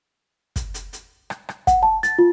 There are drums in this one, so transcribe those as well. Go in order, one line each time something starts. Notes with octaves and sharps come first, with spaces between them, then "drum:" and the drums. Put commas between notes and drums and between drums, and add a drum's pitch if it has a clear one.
drum: kick, hi-hat
drum: hi-hat
drum: hi-hat
drum: rim click
drum: rim click
F#5, drum: kick, hi-hat
A5
A6, drum: hi-hat
F4